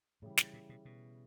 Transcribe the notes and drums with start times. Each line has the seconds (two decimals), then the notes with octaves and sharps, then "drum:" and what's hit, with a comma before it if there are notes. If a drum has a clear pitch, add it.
0.22 A2 C#3 E3 G3
0.37 A#2, drum: snare
0.53 A#2
0.69 B2
0.85 B2